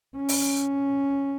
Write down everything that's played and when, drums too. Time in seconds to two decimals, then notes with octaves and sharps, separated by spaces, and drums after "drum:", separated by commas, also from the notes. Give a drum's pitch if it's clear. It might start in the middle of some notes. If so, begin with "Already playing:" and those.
0.16 C#4
0.29 drum: open hi-hat